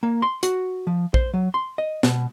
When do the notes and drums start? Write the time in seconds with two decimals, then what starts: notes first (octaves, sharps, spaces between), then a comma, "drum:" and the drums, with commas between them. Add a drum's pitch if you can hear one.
0.03 A#3
0.22 C6
0.43 F#4, drum: hi-hat
0.87 F3
1.14 C5, drum: kick A#1
1.34 F#3
1.54 C6
1.78 D#5
2.03 B2, drum: snare